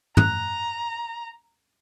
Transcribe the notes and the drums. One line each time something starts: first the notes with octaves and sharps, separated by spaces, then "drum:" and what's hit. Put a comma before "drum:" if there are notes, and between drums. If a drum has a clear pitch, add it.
A#5 F#6, drum: tom